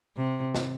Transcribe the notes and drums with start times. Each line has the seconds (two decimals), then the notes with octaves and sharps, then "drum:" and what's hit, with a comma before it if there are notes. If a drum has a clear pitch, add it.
0.17 C3
0.55 drum: snare